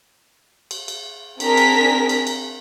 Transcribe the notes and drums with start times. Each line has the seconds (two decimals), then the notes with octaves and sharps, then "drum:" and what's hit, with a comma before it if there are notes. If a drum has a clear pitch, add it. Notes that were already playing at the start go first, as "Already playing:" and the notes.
0.71 drum: cymbal
0.88 drum: cymbal
1.40 C4 D4 G#4 A#4 A#5 B6, drum: cymbal
1.57 drum: cymbal
2.09 drum: cymbal
2.27 drum: cymbal